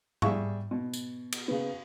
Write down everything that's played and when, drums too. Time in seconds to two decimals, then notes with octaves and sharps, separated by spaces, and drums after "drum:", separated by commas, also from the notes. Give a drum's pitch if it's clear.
0.22 G3 G#4 E5 C#6, drum: tom G#2
0.71 B2
0.93 drum: tambourine
1.32 drum: cymbal
1.48 C#3 B3